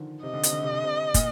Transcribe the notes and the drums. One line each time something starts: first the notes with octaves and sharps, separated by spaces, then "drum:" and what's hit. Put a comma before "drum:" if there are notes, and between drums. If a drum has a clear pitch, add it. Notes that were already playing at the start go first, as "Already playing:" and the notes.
Already playing: D3 D#3 F3
C3 D#5
D3
C3, drum: hi-hat
D3
C3
D3
C3
A#2, drum: kick, hi-hat